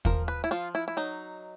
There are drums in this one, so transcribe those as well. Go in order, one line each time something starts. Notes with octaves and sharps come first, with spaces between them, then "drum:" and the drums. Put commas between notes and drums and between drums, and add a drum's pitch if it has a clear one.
F3 A#4, drum: kick
B4
E4
F3 F4
E4
E4
F#3 D#4